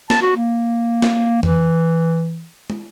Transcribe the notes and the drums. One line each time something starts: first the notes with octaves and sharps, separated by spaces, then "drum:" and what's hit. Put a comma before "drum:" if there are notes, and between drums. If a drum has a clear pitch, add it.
A5, drum: snare
F#4
A#3
drum: snare
E3, drum: tom F2
drum: tom